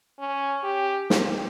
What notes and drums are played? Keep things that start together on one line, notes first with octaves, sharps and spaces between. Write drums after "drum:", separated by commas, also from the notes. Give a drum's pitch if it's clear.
C#4
G4
A#2, drum: snare